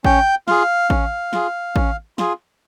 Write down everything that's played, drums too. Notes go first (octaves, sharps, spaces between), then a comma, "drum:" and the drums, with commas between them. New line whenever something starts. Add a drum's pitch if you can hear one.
C#4 G5, drum: kick A1
F4 G#4 F5, drum: snare
C#4, drum: kick A1
F4 G#4, drum: snare
C#4, drum: kick A1
F4 G#4, drum: snare